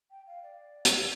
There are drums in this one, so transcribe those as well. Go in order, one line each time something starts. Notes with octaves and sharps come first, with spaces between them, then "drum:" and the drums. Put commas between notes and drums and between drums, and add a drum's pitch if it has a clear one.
G5
F5
D5
drum: hi-hat